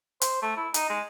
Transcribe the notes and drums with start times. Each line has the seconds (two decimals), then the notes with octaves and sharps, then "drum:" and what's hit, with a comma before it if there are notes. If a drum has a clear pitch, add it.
0.21 C5, drum: hi-hat
0.42 A3
0.57 E4
0.74 D#4, drum: hi-hat
0.90 G#3